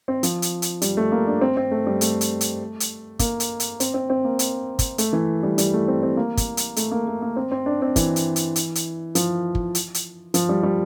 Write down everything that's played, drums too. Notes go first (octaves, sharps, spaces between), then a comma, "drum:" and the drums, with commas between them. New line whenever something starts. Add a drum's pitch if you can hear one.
C4
F3, drum: hi-hat
drum: hi-hat
drum: hi-hat
G3, drum: hi-hat
A3
A#3
D4
C4
C4
A3
G3
A3, drum: hi-hat
drum: hi-hat
drum: hi-hat
drum: hi-hat
A#3, drum: kick, hi-hat
drum: hi-hat
drum: hi-hat
C4, drum: hi-hat
C4
C4
A#3
drum: hi-hat
drum: kick, hi-hat
A3, drum: hi-hat
E3
G3
G3, drum: hi-hat
A3
C4
C4
A#3
drum: kick, hi-hat
drum: hi-hat
A3, drum: hi-hat
A#3
A3
A#3
C4
C4
D4
C4
E3, drum: kick, hi-hat
drum: hi-hat
drum: hi-hat
drum: hi-hat
drum: hi-hat
F3, drum: hi-hat
drum: kick
drum: hi-hat
drum: hi-hat
F3, drum: hi-hat
G3
G3